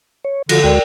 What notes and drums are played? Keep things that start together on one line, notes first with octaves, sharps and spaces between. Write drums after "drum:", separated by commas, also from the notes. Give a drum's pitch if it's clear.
C#5
D3 F3 F4 F#4 A#6, drum: cymbal
D2 G#3 F#4 A#4 D5 G5